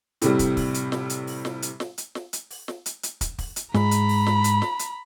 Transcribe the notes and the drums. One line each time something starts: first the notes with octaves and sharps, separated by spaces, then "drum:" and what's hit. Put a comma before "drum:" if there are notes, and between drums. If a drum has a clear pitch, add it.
A2 C3 G3, drum: hi-hat
drum: kick, hi-hat
drum: kick, open hi-hat
drum: hi-hat
drum: snare
drum: hi-hat
drum: open hi-hat
drum: snare
drum: hi-hat
drum: snare
drum: hi-hat
drum: snare
drum: hi-hat
drum: open hi-hat
drum: snare
drum: hi-hat
drum: hi-hat
drum: kick, hi-hat
drum: kick, open hi-hat
drum: hi-hat
G#2 A#5 B5, drum: snare
drum: hi-hat
drum: open hi-hat
drum: snare
drum: hi-hat
drum: snare
drum: hi-hat